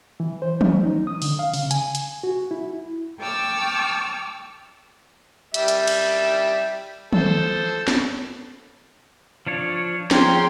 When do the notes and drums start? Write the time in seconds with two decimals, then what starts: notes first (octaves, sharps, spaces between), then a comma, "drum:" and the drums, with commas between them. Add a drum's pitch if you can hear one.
0.20 E3
0.42 C5
0.61 C#4, drum: tom
0.83 D#4
1.07 D#6
1.22 D3, drum: open hi-hat
1.39 F5
1.54 C#3, drum: open hi-hat
1.71 G#5, drum: hi-hat
1.95 drum: hi-hat
2.23 F#4
2.51 E4
3.20 G5 A5 C#6 D6 E6 F6
5.54 G3 E5, drum: hi-hat
5.68 drum: hi-hat
5.87 drum: cymbal
7.13 A4 C5, drum: tom
7.88 drum: snare
9.47 F3 D4 C#5
10.11 F3 C#4 G#4 G5 A#5 C6, drum: snare